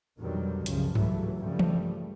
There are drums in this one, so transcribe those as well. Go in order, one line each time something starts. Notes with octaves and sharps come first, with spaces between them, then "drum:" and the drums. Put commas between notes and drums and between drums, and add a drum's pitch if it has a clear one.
F2 B2 D3 D#3 F#3 G3
C2 F#2 C#3 F3, drum: hi-hat
C#2 G2 E3 F#3 G3 A3, drum: tom G2
G2 C#3 F3 G3 A3
drum: tom E3